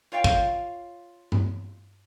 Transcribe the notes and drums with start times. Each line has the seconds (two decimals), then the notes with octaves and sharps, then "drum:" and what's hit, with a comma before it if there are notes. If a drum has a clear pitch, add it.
0.12 F4 C#5 F5 G5
0.24 drum: kick
1.32 drum: tom G2